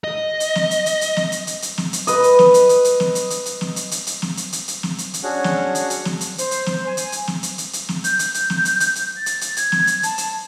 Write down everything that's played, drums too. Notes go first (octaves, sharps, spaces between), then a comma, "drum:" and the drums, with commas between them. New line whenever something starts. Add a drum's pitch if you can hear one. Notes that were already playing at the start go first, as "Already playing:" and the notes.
D#5
drum: hi-hat
drum: snare
drum: hi-hat
drum: hi-hat
drum: hi-hat
drum: snare
drum: hi-hat
drum: hi-hat
drum: hi-hat
drum: snare
drum: hi-hat
B4 D#5, drum: hi-hat
drum: hi-hat
drum: snare
drum: hi-hat
drum: hi-hat
drum: hi-hat
drum: snare
drum: hi-hat
drum: hi-hat
drum: hi-hat
drum: snare
drum: hi-hat
drum: hi-hat
drum: hi-hat
drum: snare
drum: hi-hat
drum: hi-hat
drum: hi-hat
drum: snare
drum: hi-hat
drum: hi-hat
C#4 D4 F#4 G#4 C#5 F#5
drum: snare
drum: hi-hat
drum: hi-hat
drum: snare
drum: hi-hat
C5, drum: hi-hat
drum: hi-hat
drum: snare
G#5
drum: hi-hat
drum: hi-hat
drum: snare
drum: hi-hat
drum: hi-hat
drum: hi-hat
drum: snare
G6, drum: hi-hat
drum: hi-hat
drum: hi-hat
drum: snare
drum: hi-hat
drum: hi-hat
drum: hi-hat
A6
drum: hi-hat
drum: hi-hat
G#6, drum: hi-hat
drum: snare
drum: hi-hat
A5, drum: hi-hat
drum: hi-hat